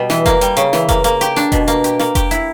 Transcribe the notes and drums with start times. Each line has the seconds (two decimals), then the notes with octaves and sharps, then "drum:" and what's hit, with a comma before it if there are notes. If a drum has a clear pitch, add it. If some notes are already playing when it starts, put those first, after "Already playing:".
Already playing: B2 G3 B3
0.10 E3, drum: snare
0.26 A#3, drum: kick F1, hi-hat
0.41 G3, drum: hi-hat
0.57 C#3, drum: hi-hat
0.73 E3, drum: snare
0.89 A#3, drum: kick F1, hi-hat
1.04 A#3, drum: hi-hat
1.21 G4, drum: hi-hat
1.36 D4, drum: snare
1.52 B2, drum: kick F1, hi-hat
1.68 A#3, drum: hi-hat
1.84 G4, drum: hi-hat
1.99 A#3, drum: snare
2.15 G4, drum: kick F1, hi-hat
2.31 E4, drum: hi-hat